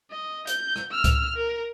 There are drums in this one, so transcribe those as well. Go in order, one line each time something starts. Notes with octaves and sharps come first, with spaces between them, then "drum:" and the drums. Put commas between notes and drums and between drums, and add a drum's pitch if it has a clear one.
D#5
G6, drum: hi-hat
drum: rim click
E6 F6
drum: kick C#2, hi-hat
A#4